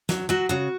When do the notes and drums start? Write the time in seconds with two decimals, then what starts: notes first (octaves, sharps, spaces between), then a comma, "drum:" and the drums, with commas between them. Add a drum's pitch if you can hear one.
0.09 F#3, drum: snare
0.29 F#3 F#4
0.49 C#3 F#4